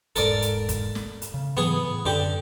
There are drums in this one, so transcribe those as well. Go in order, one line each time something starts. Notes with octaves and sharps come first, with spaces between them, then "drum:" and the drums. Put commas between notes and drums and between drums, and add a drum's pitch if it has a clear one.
E1 G#2 A4 A#4 D5, drum: hi-hat
drum: hi-hat
drum: kick, hi-hat
drum: snare
drum: hi-hat
C#3
G#2 E3 F#3 B3 G#4
A2
F#2 D3 G4